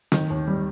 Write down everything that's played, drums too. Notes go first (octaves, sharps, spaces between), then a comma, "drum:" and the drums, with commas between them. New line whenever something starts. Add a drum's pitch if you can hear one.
D#3, drum: snare
D#2
G3